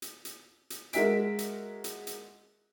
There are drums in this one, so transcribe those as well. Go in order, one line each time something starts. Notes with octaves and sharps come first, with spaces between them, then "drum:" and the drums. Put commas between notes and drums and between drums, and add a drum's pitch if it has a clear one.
drum: hi-hat
drum: hi-hat
drum: hi-hat
G#3 F#4 A#4 E5 B6 D7, drum: hi-hat
drum: hi-hat
drum: hi-hat
drum: hi-hat